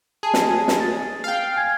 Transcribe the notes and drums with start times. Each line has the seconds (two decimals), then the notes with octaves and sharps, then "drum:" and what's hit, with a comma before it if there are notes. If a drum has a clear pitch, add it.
0.23 G#4 A5
0.34 drum: snare
0.68 drum: snare
0.81 A6
1.24 F5 G5
1.57 G#5 G#6